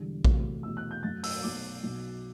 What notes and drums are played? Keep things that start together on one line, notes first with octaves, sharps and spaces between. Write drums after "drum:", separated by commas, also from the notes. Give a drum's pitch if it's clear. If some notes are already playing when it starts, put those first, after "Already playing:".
Already playing: E1 E2 D3 G3
E2 C3 F#3 A3, drum: kick A#1
E2 B2 A3 E6
F#6
G6
F#2 F#3 A3 A6
E6, drum: open hi-hat
B1 B2 A3 D6
B1 B2 F#3